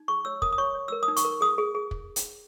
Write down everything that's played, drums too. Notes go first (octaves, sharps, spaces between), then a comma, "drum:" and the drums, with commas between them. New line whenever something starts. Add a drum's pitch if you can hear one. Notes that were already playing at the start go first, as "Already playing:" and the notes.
Already playing: D#4
G#4 C#6
C#5 E6
A#4 D#6, drum: kick
D#6
C#5 C#6
C#5
A#4 E6
D#6
D#4
C#6, drum: hi-hat
A#4
G#4 D#6
G#4
G#4
drum: kick
drum: hi-hat